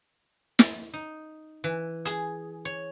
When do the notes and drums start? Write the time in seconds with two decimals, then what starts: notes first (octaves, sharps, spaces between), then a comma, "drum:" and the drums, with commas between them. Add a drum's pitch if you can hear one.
0.59 drum: snare
0.94 D#4
1.64 E3
2.05 G#4, drum: hi-hat
2.65 C#5